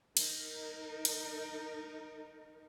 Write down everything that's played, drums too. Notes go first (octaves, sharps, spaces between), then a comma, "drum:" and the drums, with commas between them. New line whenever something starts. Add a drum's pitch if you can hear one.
D#4 A#4, drum: cymbal
drum: cymbal